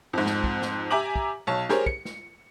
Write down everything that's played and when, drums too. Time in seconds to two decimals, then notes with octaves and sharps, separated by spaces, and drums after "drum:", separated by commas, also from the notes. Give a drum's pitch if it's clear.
0.13 F2 G#2
0.26 drum: snare
0.44 drum: kick
0.62 drum: snare
0.90 G4 E5 G#5 A#5 D6 F#7
1.16 drum: kick
1.47 B1 C#5 A5
1.69 G4 G#4 A#4 C5 C#5, drum: snare
1.86 C#7, drum: kick
2.05 drum: snare